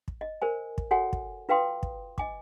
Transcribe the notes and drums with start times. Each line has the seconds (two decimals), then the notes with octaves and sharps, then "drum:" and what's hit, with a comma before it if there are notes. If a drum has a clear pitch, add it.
0.08 drum: kick
0.21 D#5
0.42 A#4 C5 G#5
0.78 drum: kick
0.91 F#4 A4 C#5 F#5 G#5
1.13 drum: kick
1.49 F4 B4 F5 G5 C6 D#6
1.83 drum: kick
2.18 D#5 G#5 D6, drum: kick